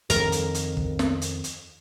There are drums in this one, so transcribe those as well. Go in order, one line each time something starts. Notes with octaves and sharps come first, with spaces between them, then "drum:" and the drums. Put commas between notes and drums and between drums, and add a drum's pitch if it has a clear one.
F2 D#3 A#4, drum: hi-hat
drum: hi-hat
drum: hi-hat
drum: kick
drum: snare
drum: hi-hat
drum: hi-hat